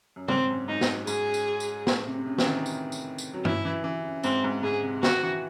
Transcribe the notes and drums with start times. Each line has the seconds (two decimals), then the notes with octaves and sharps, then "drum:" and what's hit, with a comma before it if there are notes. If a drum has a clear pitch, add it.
0.16 F#2
0.28 G#2 C4, drum: tom C#3
0.49 F#2
0.68 G#2 D#4
0.81 drum: snare
1.07 G#2 G#4, drum: tambourine
1.34 drum: tambourine
1.60 drum: tambourine
1.87 A2, drum: snare
2.07 C3
2.18 C3
2.26 C#3
2.38 E3, drum: snare
2.46 D#3
2.66 drum: tambourine
2.92 drum: tambourine
3.18 drum: tambourine
3.33 F#3
3.45 E3 E4, drum: tom G2
3.65 E3
3.84 E3
4.04 C#3
4.23 G#2 C4, drum: tambourine
4.44 G#2
4.63 G#2 G#4
4.83 C3
5.03 D#3 F#4, drum: snare
5.23 E3